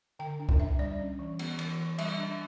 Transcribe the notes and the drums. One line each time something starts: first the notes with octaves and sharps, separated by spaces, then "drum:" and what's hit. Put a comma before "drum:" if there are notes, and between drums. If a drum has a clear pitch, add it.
D3 G5
D4
drum: kick
D4 E5
G3 D5
C#4
E3
B3, drum: cymbal
E3, drum: cymbal
E3
G3 E5, drum: cymbal
D4